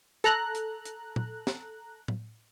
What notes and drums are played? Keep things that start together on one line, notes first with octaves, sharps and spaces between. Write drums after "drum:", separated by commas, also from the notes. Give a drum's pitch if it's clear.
A4 A#5 F#6, drum: hi-hat
drum: hi-hat
drum: hi-hat
drum: tom A#2
drum: snare
drum: tom A2